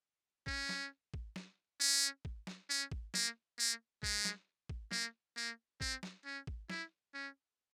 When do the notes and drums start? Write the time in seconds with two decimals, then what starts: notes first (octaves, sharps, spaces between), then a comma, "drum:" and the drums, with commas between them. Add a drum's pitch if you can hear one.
0.47 C#4, drum: kick
0.69 drum: snare
1.14 drum: kick
1.36 drum: snare
1.80 C#4
2.25 drum: kick
2.47 drum: snare
2.70 C#4
2.92 drum: kick
3.14 A#3, drum: snare
3.59 A#3
4.03 G#3, drum: kick
4.25 drum: snare
4.69 drum: kick
4.91 A#3, drum: snare
5.37 A#3
5.81 C4, drum: kick
6.03 drum: snare
6.25 C#4
6.47 drum: kick
6.70 E4, drum: snare
7.14 C#4